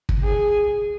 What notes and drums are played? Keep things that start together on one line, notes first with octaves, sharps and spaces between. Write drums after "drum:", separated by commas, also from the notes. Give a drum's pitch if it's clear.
drum: kick
G#4